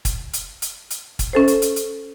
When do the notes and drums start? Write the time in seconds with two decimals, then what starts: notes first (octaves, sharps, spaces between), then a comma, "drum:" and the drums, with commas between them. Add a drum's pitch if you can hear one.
0.05 drum: kick, hi-hat
0.33 drum: hi-hat
0.62 drum: hi-hat
0.90 drum: hi-hat
1.19 drum: kick, hi-hat
1.33 C#4 A4 C5
1.48 drum: hi-hat
1.62 drum: hi-hat
1.76 drum: hi-hat